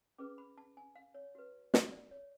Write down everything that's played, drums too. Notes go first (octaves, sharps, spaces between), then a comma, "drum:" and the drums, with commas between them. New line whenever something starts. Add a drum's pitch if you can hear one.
C#4 G#4 B4 D6
B5
A5
G#5
F5
C#5
F#4 B4
drum: snare
D5
C#5